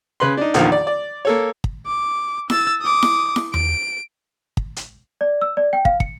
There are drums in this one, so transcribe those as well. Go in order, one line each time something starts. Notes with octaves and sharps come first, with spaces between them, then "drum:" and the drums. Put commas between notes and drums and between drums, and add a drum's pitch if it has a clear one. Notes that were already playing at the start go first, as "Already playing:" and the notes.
C#3 B4 B5 C6
D4 D#4
A#1 E2 D3 D#3 F3 F5, drum: hi-hat
D5
D5
A#3 A4 C#5
drum: kick
D6
E6 A6, drum: snare E4
D6 D#6
drum: snare E4
drum: snare E4
D7, drum: tom E2
drum: kick
drum: hi-hat
D5
E6
D5
G5
F5, drum: kick
C#7, drum: kick